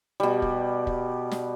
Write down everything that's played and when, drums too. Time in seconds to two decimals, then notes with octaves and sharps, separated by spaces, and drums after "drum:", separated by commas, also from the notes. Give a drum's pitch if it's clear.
0.20 B2 G3
0.42 drum: kick
0.87 drum: kick
1.31 drum: snare